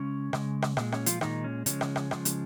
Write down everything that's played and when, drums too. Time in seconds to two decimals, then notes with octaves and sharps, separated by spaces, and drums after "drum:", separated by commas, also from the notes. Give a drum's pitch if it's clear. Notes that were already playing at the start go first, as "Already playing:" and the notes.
Already playing: C#3 G#3 C#4
0.33 C#3 G#3, drum: rim click
0.62 drum: rim click
0.77 A#2 G#3, drum: rim click
0.92 C#4, drum: rim click
1.06 F3 F4, drum: hi-hat
1.21 A#2 D#3 G#3 D#4, drum: rim click
1.44 C#4
1.66 C#3 F3 G#3 C#4, drum: hi-hat
1.81 drum: rim click
1.96 drum: rim click
2.11 C#3 F3 G#3, drum: rim click
2.25 drum: hi-hat